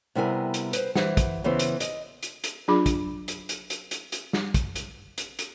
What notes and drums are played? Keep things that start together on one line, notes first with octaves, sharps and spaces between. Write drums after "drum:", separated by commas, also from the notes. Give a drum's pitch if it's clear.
C3 G3 B3 E4 A#4 G#5
drum: hi-hat
B4 C5, drum: hi-hat
E3 C5 F#5, drum: snare
drum: kick, hi-hat
C#3 E3 B3 E4 C5
drum: hi-hat
D#5, drum: hi-hat
drum: hi-hat
drum: hi-hat
F#3 D4 F4 G#4 B5 D6
drum: kick, hi-hat
drum: hi-hat
drum: hi-hat
drum: hi-hat
drum: hi-hat
drum: hi-hat
drum: snare
drum: kick, hi-hat
drum: hi-hat
drum: hi-hat
drum: hi-hat